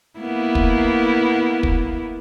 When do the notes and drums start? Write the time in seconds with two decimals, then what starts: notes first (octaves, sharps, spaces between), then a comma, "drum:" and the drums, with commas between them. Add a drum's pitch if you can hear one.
0.19 A#3 B3 E4
0.55 drum: kick
1.63 drum: kick